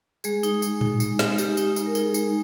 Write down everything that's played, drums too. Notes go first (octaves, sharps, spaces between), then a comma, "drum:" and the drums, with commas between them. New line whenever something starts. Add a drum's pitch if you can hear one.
G#3 G#4, drum: tambourine
D#4, drum: tambourine
G#3, drum: tambourine
D#4, drum: tom A2
G#3, drum: tambourine
D#4, drum: snare
G#3 G4, drum: tambourine
D#4, drum: tambourine
G#3, drum: tambourine
A#4
D#4 G#4, drum: tambourine
G#3, drum: tambourine